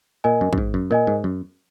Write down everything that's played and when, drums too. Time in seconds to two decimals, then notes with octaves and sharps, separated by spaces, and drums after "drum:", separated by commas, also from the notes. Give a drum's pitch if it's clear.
0.24 A#2 A#4 D#5 G#5
0.41 F#2
0.53 F#2, drum: kick
0.58 G#2
0.74 F#2
0.91 A#2 A#4 D#5 G#5
1.07 G#2
1.24 F#2